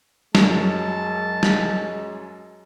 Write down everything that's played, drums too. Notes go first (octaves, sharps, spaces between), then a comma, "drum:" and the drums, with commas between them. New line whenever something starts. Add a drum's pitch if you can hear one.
F#2 F#3 G#3 A5, drum: snare
drum: snare